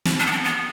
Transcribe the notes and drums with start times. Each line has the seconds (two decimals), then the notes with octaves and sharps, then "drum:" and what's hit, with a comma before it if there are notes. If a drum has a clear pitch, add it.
0.05 drum: snare
0.20 D4
0.26 B3
0.32 C4
0.44 B3